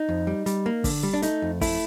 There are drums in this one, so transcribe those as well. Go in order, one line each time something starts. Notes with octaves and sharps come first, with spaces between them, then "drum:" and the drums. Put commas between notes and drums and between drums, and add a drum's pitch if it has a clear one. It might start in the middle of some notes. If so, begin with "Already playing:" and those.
Already playing: D#4
F2
G3
G3, drum: hi-hat
A#3
D3, drum: kick, open hi-hat
G3
D4
A3 D#4, drum: hi-hat
F2
A3 E4, drum: kick, open hi-hat